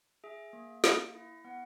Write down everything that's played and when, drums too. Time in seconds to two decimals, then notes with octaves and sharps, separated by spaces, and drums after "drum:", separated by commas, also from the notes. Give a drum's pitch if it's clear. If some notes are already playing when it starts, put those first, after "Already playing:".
0.24 G#4 E5
0.53 A#3
0.84 A#3, drum: snare
1.15 E4
1.45 B3 F#5